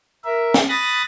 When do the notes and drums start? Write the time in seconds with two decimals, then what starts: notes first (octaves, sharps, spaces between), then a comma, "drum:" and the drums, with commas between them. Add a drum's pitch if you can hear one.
0.25 A#4 E5
0.54 drum: snare
0.69 B5 D#6 F#6 A6 A#6